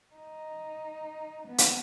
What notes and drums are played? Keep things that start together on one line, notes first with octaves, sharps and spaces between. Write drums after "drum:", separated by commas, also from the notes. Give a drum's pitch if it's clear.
D#4
B3
drum: hi-hat